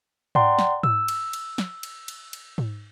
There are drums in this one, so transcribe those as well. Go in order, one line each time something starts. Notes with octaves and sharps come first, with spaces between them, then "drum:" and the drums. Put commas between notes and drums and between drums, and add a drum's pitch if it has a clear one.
D5 F#5 G5 A#5 C6, drum: tom G#2
drum: snare
E6, drum: tom G#2
drum: cymbal
drum: cymbal
drum: snare
drum: cymbal
drum: cymbal
drum: cymbal
drum: tom G#2